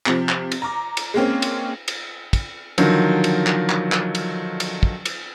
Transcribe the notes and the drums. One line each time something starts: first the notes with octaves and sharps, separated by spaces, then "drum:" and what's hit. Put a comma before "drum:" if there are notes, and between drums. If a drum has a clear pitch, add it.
C3 F3, drum: clap
drum: clap
drum: cymbal
A#5 D6
drum: cymbal
G#3 A#3 C4 C#4
drum: cymbal
drum: cymbal
drum: kick, cymbal
D3 D#3 F3 F#3, drum: cymbal
drum: cymbal
drum: clap
drum: clap
drum: clap
drum: cymbal
drum: cymbal
drum: kick
drum: cymbal